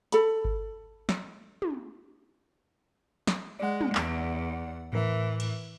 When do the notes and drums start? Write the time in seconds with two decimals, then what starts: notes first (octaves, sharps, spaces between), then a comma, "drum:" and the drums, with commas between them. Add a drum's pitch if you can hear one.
0.12 A4 B5, drum: hi-hat
0.45 drum: kick G1
1.09 drum: snare
1.62 drum: tom
3.27 drum: snare
3.60 G#3 D5 F#5
3.81 drum: tom
3.95 E2, drum: clap
4.93 A2 E3 A#4 E5
5.40 drum: cymbal